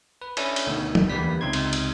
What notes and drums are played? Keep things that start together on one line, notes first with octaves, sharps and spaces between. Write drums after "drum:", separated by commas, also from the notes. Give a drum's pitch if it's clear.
B4
C#4 D4 E4 A4, drum: cymbal
drum: cymbal
D2 B2 D#3
drum: tom
E2 D3 G3 A#3 B4 B6
C#2 C3 D#4 C6 G#6
drum: cymbal
drum: cymbal